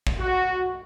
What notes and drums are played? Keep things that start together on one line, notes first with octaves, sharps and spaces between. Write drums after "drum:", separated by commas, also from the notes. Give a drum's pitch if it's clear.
drum: kick
F#4